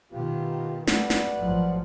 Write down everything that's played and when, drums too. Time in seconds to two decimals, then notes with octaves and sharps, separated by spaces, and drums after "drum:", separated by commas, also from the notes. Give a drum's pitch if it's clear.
0.12 B2 D#3 F4 G4
0.87 G3 A3 B4 D5 F#5, drum: snare
1.10 drum: snare
1.35 A1 F3 F#3